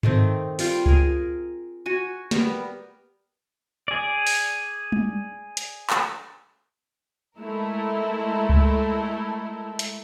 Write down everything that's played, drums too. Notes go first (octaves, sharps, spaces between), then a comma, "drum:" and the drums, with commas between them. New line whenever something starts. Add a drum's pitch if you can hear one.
D#3 A3 C4 D#4, drum: tom G2
G3 F4 G5, drum: open hi-hat
G#4 A#4, drum: kick C#2
F#4 G#5
G3 B3 A#4, drum: snare
G#4 D5
drum: open hi-hat
drum: tom G3
drum: hi-hat
drum: clap
G#3 A3 E4 A4 A#4
drum: kick C#2
drum: hi-hat